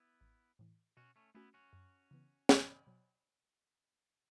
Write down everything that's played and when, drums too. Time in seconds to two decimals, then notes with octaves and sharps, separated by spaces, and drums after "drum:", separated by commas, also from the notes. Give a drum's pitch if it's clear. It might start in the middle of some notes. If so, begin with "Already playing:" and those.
Already playing: B3 E4
0.21 A1
0.59 A2 E3
0.97 B2 C#4 F#4
1.16 A3 C#4
1.35 A3 B3 C#4 E4 F#4
1.54 C#4 F#4
1.73 F#2
2.11 C#3 E3 B3
2.49 B1, drum: snare
2.87 B2 F#3